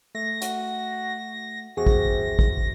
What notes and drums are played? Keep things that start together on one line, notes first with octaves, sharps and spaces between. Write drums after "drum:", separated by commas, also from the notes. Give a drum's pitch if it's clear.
A3 A#6
F#4, drum: hi-hat
E2 C3 F#4 G#4 A#6
drum: kick
drum: kick